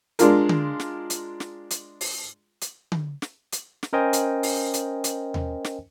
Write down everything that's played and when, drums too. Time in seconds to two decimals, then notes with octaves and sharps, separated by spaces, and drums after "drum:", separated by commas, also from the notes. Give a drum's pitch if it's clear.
0.19 G#3 D4 F4 A#4, drum: hi-hat
0.49 drum: tom D3
0.80 drum: snare
1.10 drum: hi-hat
1.40 drum: snare
1.70 drum: hi-hat
2.01 drum: open hi-hat
2.61 drum: hi-hat
2.92 drum: tom D3
3.22 drum: snare
3.52 drum: hi-hat
3.83 drum: snare
3.93 C#4 A#4 C5 D#5 G5 G#5
4.13 drum: hi-hat
4.43 drum: open hi-hat
4.74 drum: hi-hat
5.04 drum: hi-hat
5.34 drum: tom D#2
5.64 drum: snare